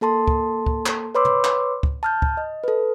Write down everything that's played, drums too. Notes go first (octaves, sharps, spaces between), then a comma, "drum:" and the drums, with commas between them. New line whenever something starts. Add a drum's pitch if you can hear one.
A#3 A4 A5 C6
drum: kick
drum: kick
drum: clap
B4 C#5 B5 C6 D6 E6
drum: tom
drum: clap
drum: kick
A5 F6 G6
drum: kick
D#5
A4 B4